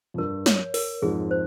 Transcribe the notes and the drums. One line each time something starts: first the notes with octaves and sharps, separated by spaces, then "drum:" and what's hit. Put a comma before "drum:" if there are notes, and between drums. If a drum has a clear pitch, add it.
F2
G2 A#4
C#5, drum: snare
A#4, drum: open hi-hat
F2 G#2 G#4
C5